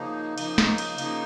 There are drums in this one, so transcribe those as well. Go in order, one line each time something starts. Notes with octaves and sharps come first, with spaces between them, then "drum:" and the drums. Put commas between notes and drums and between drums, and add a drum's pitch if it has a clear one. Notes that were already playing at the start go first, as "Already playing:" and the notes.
Already playing: C#3 F3 A#3 D#4
C#3 F3 A#3 D#4, drum: cymbal
drum: snare
drum: cymbal
C#3 F3 A#3 D#4, drum: cymbal